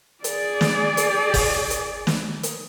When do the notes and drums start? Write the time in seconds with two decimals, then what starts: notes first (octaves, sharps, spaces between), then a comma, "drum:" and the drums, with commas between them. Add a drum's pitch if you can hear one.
0.24 G#4 D5, drum: hi-hat
0.61 drum: snare
0.97 drum: hi-hat
1.34 drum: kick, open hi-hat
1.70 drum: hi-hat
2.07 drum: snare
2.43 drum: hi-hat